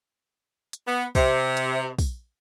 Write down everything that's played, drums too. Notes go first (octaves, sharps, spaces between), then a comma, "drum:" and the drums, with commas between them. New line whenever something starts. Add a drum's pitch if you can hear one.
drum: hi-hat
B3
C3, drum: kick, open hi-hat
drum: hi-hat
drum: kick, open hi-hat